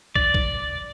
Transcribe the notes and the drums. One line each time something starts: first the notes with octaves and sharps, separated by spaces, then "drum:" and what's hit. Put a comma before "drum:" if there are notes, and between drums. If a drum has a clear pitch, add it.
D5, drum: kick
drum: kick